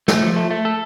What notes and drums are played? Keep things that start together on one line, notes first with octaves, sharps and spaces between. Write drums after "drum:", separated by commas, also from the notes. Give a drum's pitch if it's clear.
A3, drum: snare
F3
A3
A3
A4